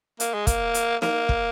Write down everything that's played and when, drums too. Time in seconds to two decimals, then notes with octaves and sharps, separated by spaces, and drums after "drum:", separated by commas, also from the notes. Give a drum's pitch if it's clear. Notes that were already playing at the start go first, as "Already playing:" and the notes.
0.20 A#3, drum: hi-hat
0.34 G#3
0.47 A#3, drum: kick, hi-hat
0.74 drum: hi-hat
1.02 A#3, drum: snare
1.29 drum: kick